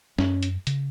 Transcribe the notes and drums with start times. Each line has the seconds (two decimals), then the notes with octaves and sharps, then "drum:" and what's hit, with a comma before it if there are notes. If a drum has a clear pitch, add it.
0.18 F#2 C#4, drum: snare
0.43 drum: hi-hat
0.67 C#3, drum: hi-hat